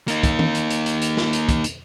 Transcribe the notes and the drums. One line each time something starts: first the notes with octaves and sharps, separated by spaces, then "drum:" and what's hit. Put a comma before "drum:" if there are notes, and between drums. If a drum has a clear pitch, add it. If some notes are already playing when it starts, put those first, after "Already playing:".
A#3 D#4, drum: hi-hat
drum: kick, hi-hat
drum: tom D#3
drum: hi-hat
drum: hi-hat
drum: hi-hat
drum: hi-hat
drum: snare
drum: hi-hat
drum: kick, hi-hat
drum: hi-hat